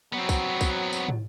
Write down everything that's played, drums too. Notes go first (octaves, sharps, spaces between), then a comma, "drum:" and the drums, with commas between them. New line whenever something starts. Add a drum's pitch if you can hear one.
F#3 B3 C4 F#4
drum: kick, tambourine
drum: kick, tambourine
drum: tambourine
drum: tom